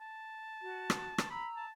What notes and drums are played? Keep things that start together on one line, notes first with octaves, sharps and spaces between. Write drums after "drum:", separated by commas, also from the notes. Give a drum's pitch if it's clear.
A5
F#4
drum: rim click
drum: rim click
A#5 B5 E6
A5